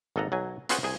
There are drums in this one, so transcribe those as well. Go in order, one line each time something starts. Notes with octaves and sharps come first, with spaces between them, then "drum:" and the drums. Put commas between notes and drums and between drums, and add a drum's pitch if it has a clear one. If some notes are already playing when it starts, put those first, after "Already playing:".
G#1 A#3 A4 D#5 F#5 A#5
B1 F#3 G#5
B3 C#4 F4 G#4 C5 F#5, drum: hi-hat
C2 G#4 G#5